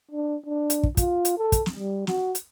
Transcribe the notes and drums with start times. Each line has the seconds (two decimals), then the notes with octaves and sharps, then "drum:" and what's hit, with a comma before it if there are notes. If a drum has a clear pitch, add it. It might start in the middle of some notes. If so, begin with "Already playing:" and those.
0.11 D4
0.46 D4
0.70 drum: hi-hat
0.83 drum: kick
0.97 F4, drum: kick, hi-hat
1.25 drum: hi-hat
1.38 A4
1.52 drum: kick, hi-hat
1.66 drum: snare
1.76 G3
2.07 F#4, drum: snare
2.35 drum: hi-hat